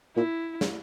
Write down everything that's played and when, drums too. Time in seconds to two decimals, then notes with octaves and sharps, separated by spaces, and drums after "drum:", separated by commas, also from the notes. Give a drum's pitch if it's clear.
0.16 A#2 E4
0.61 drum: snare